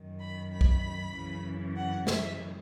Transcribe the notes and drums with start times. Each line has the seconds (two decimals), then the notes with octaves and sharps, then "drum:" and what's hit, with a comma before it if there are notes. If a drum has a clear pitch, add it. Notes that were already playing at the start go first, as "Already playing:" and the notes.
Already playing: F#2 D#3
0.20 B5
0.52 B5
0.61 drum: kick B1
1.13 F#2 C#3 E3
1.76 F#5
2.07 E5, drum: snare